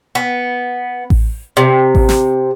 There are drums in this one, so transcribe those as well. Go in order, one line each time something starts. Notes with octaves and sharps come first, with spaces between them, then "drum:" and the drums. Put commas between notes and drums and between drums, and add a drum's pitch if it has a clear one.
B3
drum: kick A1
C3
drum: kick A1
drum: snare